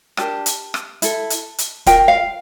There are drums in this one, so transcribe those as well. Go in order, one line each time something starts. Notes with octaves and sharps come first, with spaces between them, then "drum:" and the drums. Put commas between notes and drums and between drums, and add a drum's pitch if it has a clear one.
D4 G4 A#4 A5, drum: rim click
drum: hi-hat
drum: rim click
E4 A4, drum: hi-hat
drum: hi-hat
drum: hi-hat
F4 A#4 G5, drum: kick, hi-hat
F5